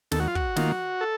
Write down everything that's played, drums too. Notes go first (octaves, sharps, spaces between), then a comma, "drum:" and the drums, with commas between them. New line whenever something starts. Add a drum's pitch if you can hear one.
D#2 A4, drum: snare
F#4
F4
F#4, drum: kick
D#3 A#3 F4, drum: snare
A4